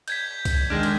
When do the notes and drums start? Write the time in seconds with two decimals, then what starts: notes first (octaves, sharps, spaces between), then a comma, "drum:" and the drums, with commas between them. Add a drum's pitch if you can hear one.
0.08 G6 G#6 B6, drum: cymbal
0.45 drum: kick C2, cymbal
0.70 D#3 G#3 D4 F6
0.83 drum: cymbal